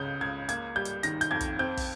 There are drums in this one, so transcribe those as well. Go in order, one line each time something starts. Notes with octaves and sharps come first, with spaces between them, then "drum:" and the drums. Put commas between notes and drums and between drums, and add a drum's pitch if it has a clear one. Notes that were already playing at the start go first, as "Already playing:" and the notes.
Already playing: C#2 C#3 G6
C#2 G#6
A#3 G#6, drum: hi-hat
G3 G6
drum: hi-hat
D#3 A#6, drum: hi-hat
G6, drum: hi-hat
F2 G#6
drum: kick, hi-hat
C4 G6
drum: kick, open hi-hat